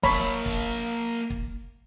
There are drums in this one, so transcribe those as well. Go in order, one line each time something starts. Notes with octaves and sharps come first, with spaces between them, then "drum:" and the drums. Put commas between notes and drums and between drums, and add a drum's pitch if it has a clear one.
A#3 C#5 A5 B5, drum: kick
drum: kick
drum: kick